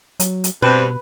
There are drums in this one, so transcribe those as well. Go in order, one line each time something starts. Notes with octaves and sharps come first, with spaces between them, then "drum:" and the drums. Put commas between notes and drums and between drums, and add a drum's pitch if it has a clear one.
F#3, drum: hi-hat
drum: hi-hat
G2 B2 C4 B4